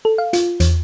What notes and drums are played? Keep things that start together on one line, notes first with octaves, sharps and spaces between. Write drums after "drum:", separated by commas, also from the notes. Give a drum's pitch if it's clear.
A4
F5
F4, drum: hi-hat
E2, drum: hi-hat